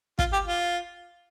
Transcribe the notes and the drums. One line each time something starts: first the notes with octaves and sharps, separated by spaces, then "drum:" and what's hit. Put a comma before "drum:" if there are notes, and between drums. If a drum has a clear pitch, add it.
F4, drum: kick
G4
F4